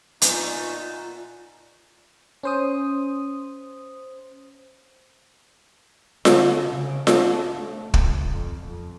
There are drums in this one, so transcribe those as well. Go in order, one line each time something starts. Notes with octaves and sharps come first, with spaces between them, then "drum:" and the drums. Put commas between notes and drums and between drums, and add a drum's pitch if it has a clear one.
A#2 A3 B3 D#4 F4, drum: hi-hat
C#4 C5 D#6
D3, drum: snare F4
C#3
D4, drum: snare F4
A3
C#2, drum: kick
F2
F2